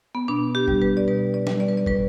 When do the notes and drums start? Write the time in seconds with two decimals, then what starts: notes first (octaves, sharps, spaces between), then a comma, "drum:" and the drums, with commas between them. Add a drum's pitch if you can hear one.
0.15 B3
0.28 B2 D4
0.55 G4
0.68 G3, drum: kick
0.82 B4
0.97 D5
1.08 B2 B4
1.34 D5
1.47 G3, drum: snare
1.60 D5
1.68 B4
1.77 D5
1.86 A2 B4, drum: kick